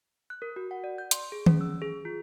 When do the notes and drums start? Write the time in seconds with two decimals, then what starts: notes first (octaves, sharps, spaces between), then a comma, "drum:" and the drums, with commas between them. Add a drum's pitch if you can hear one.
0.30 F#6
0.42 A#4
0.56 F#4
0.71 F#5
0.84 D5
0.98 G6
1.11 C6, drum: hi-hat
1.32 G#4
1.46 C#4, drum: tom D#3
1.61 E6
1.82 G#4
2.05 F4